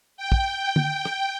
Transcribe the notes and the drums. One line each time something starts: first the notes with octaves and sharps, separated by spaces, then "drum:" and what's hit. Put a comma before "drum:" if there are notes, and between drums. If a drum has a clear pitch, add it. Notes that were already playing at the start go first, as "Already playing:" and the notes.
G5
drum: kick
drum: tom
drum: rim click